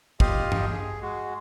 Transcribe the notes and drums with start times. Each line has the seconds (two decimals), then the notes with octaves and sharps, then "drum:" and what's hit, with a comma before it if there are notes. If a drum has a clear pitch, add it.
0.20 F4 G4 D#5 F5, drum: kick
0.52 drum: tom G2
0.70 G#4
1.02 G#3 F#4